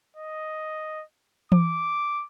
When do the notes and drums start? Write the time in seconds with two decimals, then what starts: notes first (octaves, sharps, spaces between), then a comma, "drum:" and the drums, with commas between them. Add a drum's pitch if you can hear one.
0.16 D#5
1.52 D6, drum: tom E3